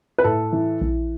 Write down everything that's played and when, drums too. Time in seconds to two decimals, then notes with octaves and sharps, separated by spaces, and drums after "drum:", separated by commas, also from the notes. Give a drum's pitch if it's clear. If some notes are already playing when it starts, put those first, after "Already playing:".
0.18 B4
0.24 A2 A4
0.52 E3
0.81 E3, drum: kick A#1